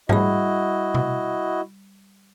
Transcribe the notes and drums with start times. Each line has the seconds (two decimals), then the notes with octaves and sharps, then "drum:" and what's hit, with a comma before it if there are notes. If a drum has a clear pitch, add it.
0.09 G3 E4 F#4 G#4 D#5 B5, drum: tom G#2
0.94 drum: tom C3